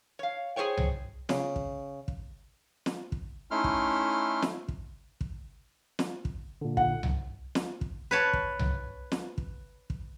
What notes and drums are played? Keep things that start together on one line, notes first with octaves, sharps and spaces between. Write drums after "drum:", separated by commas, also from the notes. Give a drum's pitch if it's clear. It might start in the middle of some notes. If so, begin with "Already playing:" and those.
C#5 F5
G#4 A4 C5 C#5 G5
drum: tom C2
C#3, drum: snare
drum: kick
drum: kick
drum: snare
drum: kick
A3 C#4 D#4 E4 C6 F6
drum: kick
drum: snare
drum: kick
drum: kick
drum: snare
drum: kick
A#2 D3
F#5, drum: kick
drum: tom C2
drum: snare
drum: kick
B4 C#5 A5
drum: kick
drum: tom C2
drum: snare
drum: kick
drum: kick